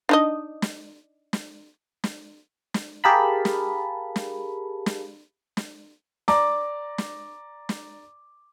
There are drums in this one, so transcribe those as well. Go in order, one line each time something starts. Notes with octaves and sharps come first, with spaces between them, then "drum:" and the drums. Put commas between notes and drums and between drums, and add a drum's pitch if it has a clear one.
D4 D#4 D#5
drum: snare
drum: snare
drum: snare
drum: snare
G4 G#4 A#4 F5 A5 B5
drum: snare
drum: snare
drum: snare
drum: snare
D5 A#5 D6, drum: snare
drum: snare
drum: snare